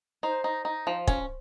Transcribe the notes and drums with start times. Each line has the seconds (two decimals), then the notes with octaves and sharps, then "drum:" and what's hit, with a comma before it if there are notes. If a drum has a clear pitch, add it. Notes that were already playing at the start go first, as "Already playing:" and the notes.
0.23 D#4 C5
0.44 D#4
0.65 D#4
0.87 F3
1.07 C#4, drum: kick